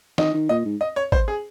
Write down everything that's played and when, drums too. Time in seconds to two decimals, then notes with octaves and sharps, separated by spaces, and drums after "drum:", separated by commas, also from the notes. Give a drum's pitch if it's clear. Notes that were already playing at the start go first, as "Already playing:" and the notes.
0.18 D#3 D#5, drum: snare
0.34 D#3
0.49 A#2 D#5
0.65 G#2
0.81 D#5
0.96 C#5
1.12 C5, drum: kick G#1
1.28 G#4